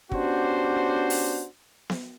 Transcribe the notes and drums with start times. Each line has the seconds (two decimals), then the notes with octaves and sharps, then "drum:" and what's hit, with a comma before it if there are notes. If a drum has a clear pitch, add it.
0.12 B3 C#4 D4 F#4 G4 C5, drum: kick
1.10 drum: open hi-hat
1.90 drum: snare B3